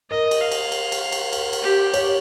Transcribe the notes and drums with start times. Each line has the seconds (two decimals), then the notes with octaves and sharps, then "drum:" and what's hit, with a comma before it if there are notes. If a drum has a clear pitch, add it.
0.10 A#4 D#5
0.31 drum: cymbal
0.41 F5
0.52 drum: cymbal
0.72 drum: cymbal
0.92 drum: cymbal
1.12 drum: cymbal
1.33 drum: cymbal
1.53 drum: cymbal
1.62 G4
1.94 C#5, drum: cymbal